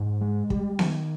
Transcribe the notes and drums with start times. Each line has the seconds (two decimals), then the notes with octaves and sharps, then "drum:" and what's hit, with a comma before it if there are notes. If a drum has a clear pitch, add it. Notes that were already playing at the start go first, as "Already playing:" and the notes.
Already playing: G#2
0.21 G#3
0.50 G3, drum: kick
0.79 D#3, drum: snare B3